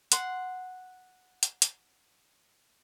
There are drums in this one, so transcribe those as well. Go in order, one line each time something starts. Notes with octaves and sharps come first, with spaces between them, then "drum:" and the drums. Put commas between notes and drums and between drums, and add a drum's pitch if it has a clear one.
F#5 C6, drum: hi-hat
drum: hi-hat
drum: hi-hat